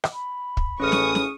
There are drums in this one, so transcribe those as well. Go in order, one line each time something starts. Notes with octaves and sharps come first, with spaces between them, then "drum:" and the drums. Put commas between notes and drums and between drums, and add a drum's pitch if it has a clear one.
drum: rim click
B5
drum: kick
A1 C#4 G#4 C#6 D#6 F6
drum: snare
drum: snare